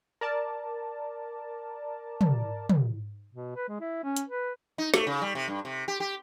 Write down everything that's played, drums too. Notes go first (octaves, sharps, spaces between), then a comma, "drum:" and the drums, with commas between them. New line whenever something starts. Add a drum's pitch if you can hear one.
A#4 D5 A5
drum: tom
drum: tom
B2
B4
G#3
E4
C#4
drum: hi-hat
B4
D#4
A3, drum: snare
C#3
G3
C3
G2
C3
G4
G4